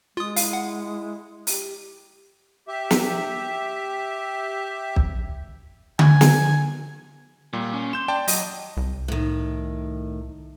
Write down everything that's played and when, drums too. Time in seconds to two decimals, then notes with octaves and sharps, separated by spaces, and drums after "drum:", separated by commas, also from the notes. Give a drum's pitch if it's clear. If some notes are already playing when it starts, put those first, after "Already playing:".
0.17 G#3 F4 D#6
0.36 E4 F5, drum: open hi-hat
0.53 F#5
1.47 G4, drum: open hi-hat
2.68 G4 E5
2.91 drum: snare
4.96 drum: kick
5.99 G#5, drum: tom D3
6.21 drum: snare
7.53 A#2 G3
7.73 C#4
7.93 C6 G6 E7
8.08 D5 G5 A5
8.28 F#3 D#5, drum: open hi-hat
8.77 C2
9.08 A2 D#3